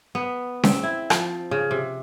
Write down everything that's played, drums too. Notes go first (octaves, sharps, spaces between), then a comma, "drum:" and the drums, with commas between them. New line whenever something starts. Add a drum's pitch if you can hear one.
B3
C4, drum: snare C#4
E4
F3, drum: rim click
C#3
C3